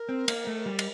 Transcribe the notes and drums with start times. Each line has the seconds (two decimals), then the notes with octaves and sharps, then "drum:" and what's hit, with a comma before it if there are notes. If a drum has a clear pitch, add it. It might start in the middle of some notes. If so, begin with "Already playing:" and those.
Already playing: A#4
0.09 C4
0.28 A#3, drum: cymbal
0.47 A3
0.66 G3
0.79 drum: cymbal